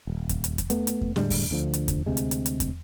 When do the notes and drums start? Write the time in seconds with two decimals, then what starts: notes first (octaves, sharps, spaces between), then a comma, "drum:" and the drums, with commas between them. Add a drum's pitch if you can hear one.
0.07 D#1
0.29 drum: kick E2, hi-hat
0.44 drum: hi-hat
0.58 drum: kick E2, hi-hat
0.70 A3 B3, drum: hi-hat
0.87 drum: hi-hat
1.01 drum: kick E2
1.16 A2 D3 G3 G#3, drum: snare
1.30 drum: kick E2, open hi-hat
1.51 D2 D3 F3
1.74 drum: hi-hat
1.88 drum: kick E2, hi-hat
2.06 D2 C3 G#3
2.17 drum: hi-hat
2.31 drum: hi-hat
2.46 drum: hi-hat
2.60 drum: kick E2, hi-hat